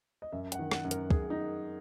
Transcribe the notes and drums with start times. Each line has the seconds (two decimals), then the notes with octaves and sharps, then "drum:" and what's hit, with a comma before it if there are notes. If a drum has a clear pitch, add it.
0.22 D#5
0.32 F#2 E5
0.52 F#5, drum: hi-hat
0.59 D#3
0.71 F#5, drum: rim click
0.84 F#2
0.91 A#4, drum: hi-hat
1.11 F#2 G#4, drum: kick
1.30 D#4